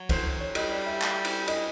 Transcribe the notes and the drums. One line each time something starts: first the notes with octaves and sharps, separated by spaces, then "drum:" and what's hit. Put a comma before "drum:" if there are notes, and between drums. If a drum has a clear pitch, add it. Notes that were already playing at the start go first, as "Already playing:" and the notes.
Already playing: F#3
C5, drum: kick, cymbal
C#5
G3 D#5, drum: cymbal
D5
E5
drum: clap
drum: cymbal
D#5, drum: cymbal